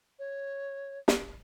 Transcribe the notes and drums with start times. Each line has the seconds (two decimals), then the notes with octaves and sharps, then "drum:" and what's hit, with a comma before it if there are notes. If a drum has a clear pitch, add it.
0.19 C#5
1.08 drum: snare